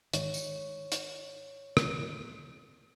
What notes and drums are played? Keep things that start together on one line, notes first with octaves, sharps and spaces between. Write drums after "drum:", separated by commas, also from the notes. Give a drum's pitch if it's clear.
G#2 D#3 C#5, drum: hi-hat
drum: tambourine
drum: hi-hat
drum: rim click